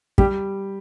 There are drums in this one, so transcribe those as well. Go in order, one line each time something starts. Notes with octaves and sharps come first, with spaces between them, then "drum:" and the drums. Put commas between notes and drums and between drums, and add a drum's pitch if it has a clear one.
G3 G4, drum: kick